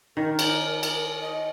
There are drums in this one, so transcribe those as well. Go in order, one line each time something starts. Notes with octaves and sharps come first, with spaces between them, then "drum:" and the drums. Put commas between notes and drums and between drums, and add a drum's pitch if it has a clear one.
D#3 A#4
drum: cymbal
drum: cymbal
D#5